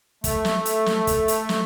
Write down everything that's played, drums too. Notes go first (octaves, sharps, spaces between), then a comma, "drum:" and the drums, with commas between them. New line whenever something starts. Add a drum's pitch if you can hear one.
A3, drum: kick, hi-hat
drum: snare
drum: hi-hat
drum: snare
drum: kick, hi-hat
drum: hi-hat
drum: snare